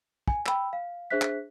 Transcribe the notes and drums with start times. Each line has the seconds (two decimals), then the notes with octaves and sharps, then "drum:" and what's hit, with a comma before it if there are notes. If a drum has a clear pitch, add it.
0.28 G#5, drum: kick
0.46 G5 B5 E6, drum: clap
0.73 F5
1.10 D4 G#4 C5 E5 F#6 B6
1.21 drum: clap